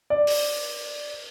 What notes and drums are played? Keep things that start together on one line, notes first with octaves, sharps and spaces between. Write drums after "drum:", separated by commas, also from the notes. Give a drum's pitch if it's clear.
D5
drum: open hi-hat